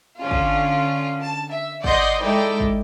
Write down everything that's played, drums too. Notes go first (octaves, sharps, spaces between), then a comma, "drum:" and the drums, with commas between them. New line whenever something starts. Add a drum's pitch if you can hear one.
D3 C#4 D4 F4
drum: kick
A5
E5
D5 D#5 F#5 C6 G6, drum: kick
G#3 D#4 E4 A4 D5 G5
drum: kick